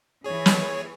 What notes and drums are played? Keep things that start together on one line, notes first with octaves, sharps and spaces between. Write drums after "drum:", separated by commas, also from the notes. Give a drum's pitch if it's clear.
E3 G#4 C#5
drum: snare